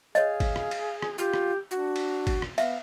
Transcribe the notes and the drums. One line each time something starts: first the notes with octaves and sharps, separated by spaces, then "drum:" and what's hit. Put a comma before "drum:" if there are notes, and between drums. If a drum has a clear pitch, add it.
G#4 C#5 D#5 F5
drum: kick, cymbal
drum: rim click
drum: cymbal
drum: rim click
F4 G4
drum: rim click
D4 F#4
drum: cymbal
drum: kick, cymbal
drum: rim click
B3 E5 F5, drum: cymbal